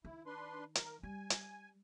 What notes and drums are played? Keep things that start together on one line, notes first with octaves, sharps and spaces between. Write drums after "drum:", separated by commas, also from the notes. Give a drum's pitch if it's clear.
D#3 E4
D4 B4 C6
A#4, drum: hi-hat
G3 G#5
drum: hi-hat